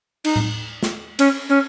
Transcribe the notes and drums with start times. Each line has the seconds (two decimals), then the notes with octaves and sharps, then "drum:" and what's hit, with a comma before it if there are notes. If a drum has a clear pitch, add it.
0.24 D#4, drum: cymbal
0.36 drum: tom A2
0.83 drum: snare
1.19 C#4, drum: cymbal
1.49 C#4